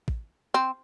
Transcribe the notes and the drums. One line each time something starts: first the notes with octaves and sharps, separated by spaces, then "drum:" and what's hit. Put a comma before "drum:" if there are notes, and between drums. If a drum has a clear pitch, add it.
drum: kick A1
C4